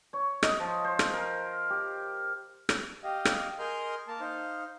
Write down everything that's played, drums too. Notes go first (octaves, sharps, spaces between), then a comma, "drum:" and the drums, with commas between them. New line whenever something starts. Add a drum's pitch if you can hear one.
C#5
D#5, drum: rim click
F3
C5
drum: rim click
A#4
G4
drum: rim click
G4 D#5 F5
drum: rim click
G#4 A#4 D#5 C6 F6 G6
A#3 A#4 A5
D#4 C5 F5